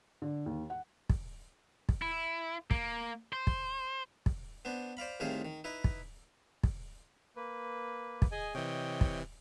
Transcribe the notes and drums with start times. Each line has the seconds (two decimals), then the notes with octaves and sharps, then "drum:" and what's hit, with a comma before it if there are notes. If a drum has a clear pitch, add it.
0.22 D3
0.46 D#2
0.70 F#5
1.09 drum: kick
1.89 drum: kick
2.02 E4
2.71 A#3, drum: kick
3.33 C5
3.47 drum: kick
4.26 drum: kick
4.65 B3 D4 C5
4.97 C5 D5 F5 B5
5.20 C2 A2 D#3 G#4 C5 F5
5.45 D#3
5.64 D#4 E4 B4
5.84 drum: kick
6.63 drum: kick
7.36 A#3 B4
8.22 drum: kick
8.32 G#4 D#5 G#5
8.54 C3 E3 C#5 D#5 G5
9.01 drum: kick